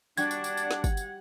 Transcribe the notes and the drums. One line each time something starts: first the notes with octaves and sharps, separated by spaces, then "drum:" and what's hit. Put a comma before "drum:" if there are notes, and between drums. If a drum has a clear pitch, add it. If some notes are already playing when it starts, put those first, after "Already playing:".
G3 D4 F#4 F#5 G5 G#6, drum: tambourine
drum: tambourine
drum: tambourine
drum: tambourine
drum: snare
drum: kick, tambourine
drum: tambourine